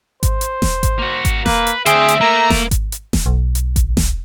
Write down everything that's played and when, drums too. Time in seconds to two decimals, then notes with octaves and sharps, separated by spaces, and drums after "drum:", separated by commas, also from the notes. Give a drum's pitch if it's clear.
0.23 C5, drum: kick G#1, hi-hat
0.41 drum: hi-hat
0.62 drum: snare E1
0.83 drum: kick G#1, hi-hat
0.99 A#3 F#4
1.25 drum: kick G#1, hi-hat
1.46 A#3 B4, drum: snare E1
1.67 drum: hi-hat
1.86 D2 G#4 C5 E5 G5, drum: hi-hat
2.08 drum: hi-hat
2.21 A3 A#3 A#5
2.50 drum: snare E1
2.71 drum: kick G#1, hi-hat
2.92 drum: hi-hat
3.13 drum: snare E1
3.26 B1
3.55 drum: hi-hat
3.76 drum: kick G#1, hi-hat
3.97 drum: snare E1